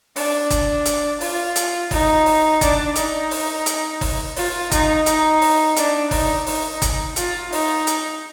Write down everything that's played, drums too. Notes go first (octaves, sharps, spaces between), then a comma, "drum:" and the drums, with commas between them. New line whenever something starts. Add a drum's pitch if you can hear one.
D4, drum: open hi-hat
drum: kick G1, hi-hat
drum: hi-hat
F4, drum: open hi-hat
drum: hi-hat
D#4, drum: kick G1, open hi-hat
drum: open hi-hat
D4, drum: kick G1, hi-hat
D#4, drum: hi-hat
drum: open hi-hat
drum: hi-hat
drum: kick G1, open hi-hat
F4, drum: open hi-hat
D#4, drum: kick G1, hi-hat
D#4, drum: hi-hat
drum: open hi-hat
D4, drum: hi-hat
D#4, drum: kick G1, open hi-hat
D#4, drum: open hi-hat
drum: kick G1, hi-hat
F4, drum: hi-hat
D#4, drum: open hi-hat
drum: hi-hat